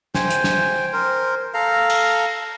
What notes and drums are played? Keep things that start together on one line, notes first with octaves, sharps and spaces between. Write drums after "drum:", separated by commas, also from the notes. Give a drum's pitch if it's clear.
C5 G5 G#5, drum: snare
drum: hi-hat
drum: snare
A#4 C5
A4 F5 A#5
drum: cymbal